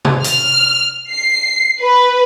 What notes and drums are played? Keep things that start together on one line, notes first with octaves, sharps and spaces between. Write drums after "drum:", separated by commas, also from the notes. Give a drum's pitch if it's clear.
drum: tom C3
F6, drum: hi-hat
C7
B4